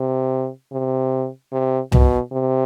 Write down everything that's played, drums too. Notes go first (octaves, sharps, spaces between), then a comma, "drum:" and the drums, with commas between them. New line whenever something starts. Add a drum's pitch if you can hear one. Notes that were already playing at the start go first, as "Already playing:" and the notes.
Already playing: C3
C3
C3
B2, drum: tom C2
C3